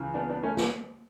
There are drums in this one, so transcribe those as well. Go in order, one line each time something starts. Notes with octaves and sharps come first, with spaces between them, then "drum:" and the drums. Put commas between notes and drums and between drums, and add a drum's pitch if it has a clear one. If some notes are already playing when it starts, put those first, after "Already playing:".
Already playing: C#2 C#3 E3
B3 D4
B3 D4
A3 C#4
drum: snare